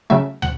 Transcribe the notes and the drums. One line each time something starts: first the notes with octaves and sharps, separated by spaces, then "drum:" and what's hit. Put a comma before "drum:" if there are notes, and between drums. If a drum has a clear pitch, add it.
C#3 F#3 A3 E5
F#5, drum: tom